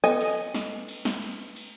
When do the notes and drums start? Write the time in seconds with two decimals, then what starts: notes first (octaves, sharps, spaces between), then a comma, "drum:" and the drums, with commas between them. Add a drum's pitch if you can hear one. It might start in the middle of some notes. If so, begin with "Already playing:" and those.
0.04 B3 A4 D#5 G#5
0.21 drum: cymbal
0.55 drum: snare
0.88 drum: cymbal
1.05 drum: snare
1.22 drum: cymbal
1.56 drum: cymbal